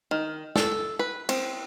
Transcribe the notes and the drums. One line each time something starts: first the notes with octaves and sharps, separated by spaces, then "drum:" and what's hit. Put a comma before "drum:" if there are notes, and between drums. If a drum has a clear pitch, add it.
D#3
A4, drum: snare
B4
C4, drum: cymbal